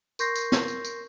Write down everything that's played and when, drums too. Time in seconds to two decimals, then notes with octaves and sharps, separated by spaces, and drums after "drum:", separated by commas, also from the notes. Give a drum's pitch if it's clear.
0.19 A#4 C6 C#6 G6 A#6 C7, drum: tambourine
0.35 drum: tambourine
0.52 drum: snare
0.68 drum: tambourine
0.85 drum: tambourine